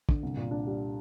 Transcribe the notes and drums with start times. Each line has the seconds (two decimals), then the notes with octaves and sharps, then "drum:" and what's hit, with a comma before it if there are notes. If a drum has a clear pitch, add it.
0.09 D3, drum: kick
0.23 C2
0.37 A#2
0.51 D4
0.67 G3